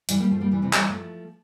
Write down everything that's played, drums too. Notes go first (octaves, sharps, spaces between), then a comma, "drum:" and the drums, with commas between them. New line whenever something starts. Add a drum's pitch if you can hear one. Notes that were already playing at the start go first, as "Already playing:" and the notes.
E3 G3, drum: hi-hat
G3 A#3
F3 A3
G3 A#3
E3 G3
C3 E3
E3 G3, drum: clap
F3 A3